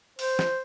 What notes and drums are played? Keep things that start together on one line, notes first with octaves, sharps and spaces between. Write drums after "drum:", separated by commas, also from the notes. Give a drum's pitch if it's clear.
C5, drum: open hi-hat
drum: snare